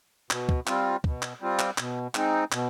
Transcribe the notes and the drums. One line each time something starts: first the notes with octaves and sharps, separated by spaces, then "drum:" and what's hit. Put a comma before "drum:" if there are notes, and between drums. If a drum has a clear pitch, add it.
B2, drum: clap
drum: kick
G3 C4 F4, drum: clap
B2, drum: kick
drum: clap
G3 C4 F4
drum: clap
B2, drum: clap
G#3 C4 D#4, drum: clap
B2, drum: clap